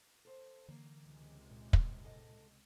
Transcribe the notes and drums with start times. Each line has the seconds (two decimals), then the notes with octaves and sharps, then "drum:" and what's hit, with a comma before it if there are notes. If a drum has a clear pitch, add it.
0.25 A4 C5
0.68 D3 E3 A#3
1.03 C#2 C3 G#3
1.51 A#2
1.73 drum: kick
2.04 G#2 A4 D#5